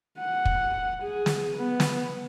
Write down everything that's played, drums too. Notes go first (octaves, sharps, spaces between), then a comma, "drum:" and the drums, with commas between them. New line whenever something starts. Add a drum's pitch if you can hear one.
F#5
drum: kick
G#4
drum: snare
B3
drum: snare